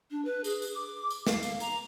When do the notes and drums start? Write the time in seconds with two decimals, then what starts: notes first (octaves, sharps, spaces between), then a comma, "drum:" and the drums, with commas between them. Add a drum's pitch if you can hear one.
0.11 D4
0.25 B4
0.44 G#4, drum: tambourine
0.62 drum: tambourine
0.75 D6
1.10 drum: tambourine
1.27 F5, drum: snare
1.43 drum: tambourine
1.60 A#5, drum: tambourine